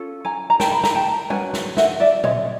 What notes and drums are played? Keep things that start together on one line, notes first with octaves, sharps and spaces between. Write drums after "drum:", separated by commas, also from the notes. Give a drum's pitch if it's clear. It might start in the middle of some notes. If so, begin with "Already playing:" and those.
Already playing: C#4 F4 A4
G#5 A#5
A#5
G5 A5, drum: snare
B5
A#5, drum: snare
G5 A5
C#4 F#4 B4 F#5 G#5, drum: tom G3
drum: snare
E5 F#5, drum: snare
D5 E5
C#5 D#5, drum: tom A#2